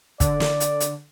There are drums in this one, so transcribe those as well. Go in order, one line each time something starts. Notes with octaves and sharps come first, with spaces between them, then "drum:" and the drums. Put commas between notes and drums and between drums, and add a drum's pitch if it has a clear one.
D3 D5, drum: kick, hi-hat
drum: snare
drum: hi-hat
drum: hi-hat